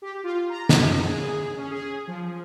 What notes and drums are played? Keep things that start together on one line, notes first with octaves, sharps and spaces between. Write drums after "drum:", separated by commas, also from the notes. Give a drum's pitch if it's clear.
G4
F4
A#5
drum: snare
F#2
G#4
C#4
G#4
F3